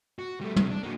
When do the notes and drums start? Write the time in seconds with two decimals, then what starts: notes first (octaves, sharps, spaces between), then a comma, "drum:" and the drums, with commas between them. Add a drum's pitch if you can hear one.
0.19 F#4
0.41 G3 A3
0.56 C3 G#3, drum: tom
0.71 D4
0.83 A#3 F#4